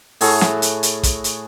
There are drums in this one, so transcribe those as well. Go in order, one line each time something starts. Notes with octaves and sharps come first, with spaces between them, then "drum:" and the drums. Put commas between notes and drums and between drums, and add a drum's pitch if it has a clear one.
A2 F#4 G#4 A4, drum: open hi-hat
drum: snare
drum: hi-hat
drum: hi-hat
drum: kick, hi-hat
drum: hi-hat